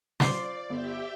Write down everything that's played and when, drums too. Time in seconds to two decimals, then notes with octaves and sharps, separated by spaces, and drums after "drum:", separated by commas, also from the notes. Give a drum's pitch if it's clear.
0.20 F4 C5 D5 D6, drum: snare
0.70 G1 G4 E5 G5